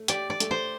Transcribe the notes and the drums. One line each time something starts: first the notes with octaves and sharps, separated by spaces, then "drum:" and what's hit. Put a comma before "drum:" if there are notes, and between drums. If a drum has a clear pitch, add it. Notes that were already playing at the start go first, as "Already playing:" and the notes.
Already playing: A3
G4 D5, drum: hi-hat
D5
A3, drum: hi-hat
C5